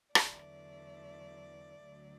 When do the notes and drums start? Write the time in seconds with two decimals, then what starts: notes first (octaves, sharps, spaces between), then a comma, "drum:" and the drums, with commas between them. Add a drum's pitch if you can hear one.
0.15 E2 D3 F#3 A3 D5, drum: rim click
1.86 D2 D3 F#3